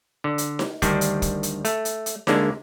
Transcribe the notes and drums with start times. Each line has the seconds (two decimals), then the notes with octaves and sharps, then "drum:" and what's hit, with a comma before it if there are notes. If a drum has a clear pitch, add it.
0.24 D3
0.38 drum: hi-hat
0.59 drum: snare D#4
0.82 D2 D#3 G3 D4, drum: kick, hi-hat
1.01 drum: hi-hat
1.22 drum: kick, hi-hat
1.43 drum: hi-hat
1.65 A3, drum: hi-hat
1.85 drum: hi-hat
2.06 drum: hi-hat
2.27 D2 D3 G#3 A#3 D4, drum: snare D#4